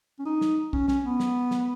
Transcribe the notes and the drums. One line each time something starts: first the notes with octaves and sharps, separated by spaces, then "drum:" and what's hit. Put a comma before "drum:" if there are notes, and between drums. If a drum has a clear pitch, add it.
C#4
D#4
drum: snare
C#4, drum: kick
C#4, drum: snare
B3
drum: snare
drum: snare